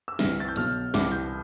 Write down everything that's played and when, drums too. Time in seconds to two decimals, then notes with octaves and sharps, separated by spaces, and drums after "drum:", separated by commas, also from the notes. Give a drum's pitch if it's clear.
0.08 E6
0.19 C2 C3 E3 F6, drum: snare
0.40 A6
0.48 G6
0.56 B1 B2 F6, drum: hi-hat
0.94 C2 C3 E3 D6, drum: snare
1.12 G6